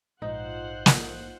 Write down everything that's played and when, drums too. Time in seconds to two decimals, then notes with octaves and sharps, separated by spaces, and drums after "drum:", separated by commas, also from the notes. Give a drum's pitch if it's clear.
0.22 A#1 G#2 D#4 F4 C5 F#5
0.86 drum: snare